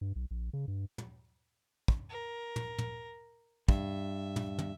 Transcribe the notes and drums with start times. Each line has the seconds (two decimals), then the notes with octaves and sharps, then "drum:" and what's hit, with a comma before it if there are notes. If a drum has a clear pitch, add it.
0.01 G2
0.16 B1
0.31 A#1
0.53 C#3
0.68 G2
0.98 drum: tom
1.88 drum: kick
2.09 A#4
2.56 drum: tom
2.78 drum: tom
3.69 G2 E5, drum: kick
4.36 drum: tom
4.59 drum: tom